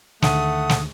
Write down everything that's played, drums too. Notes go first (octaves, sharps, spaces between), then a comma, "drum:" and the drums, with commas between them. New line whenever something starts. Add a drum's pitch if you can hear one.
D2 D3 D#3 A3 F#5 D#6, drum: snare
drum: snare